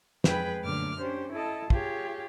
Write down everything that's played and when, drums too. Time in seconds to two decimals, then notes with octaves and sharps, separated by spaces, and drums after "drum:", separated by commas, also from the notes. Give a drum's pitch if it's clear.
0.24 F2 G#3 G#4 B4 G5 B5, drum: snare
0.61 F#2 A#2 D3 A3 D6 F6
1.00 C#4 D4 G4 C5
1.32 E4 A4 D#5 A5
1.70 F4 G4 G#4 C#5, drum: kick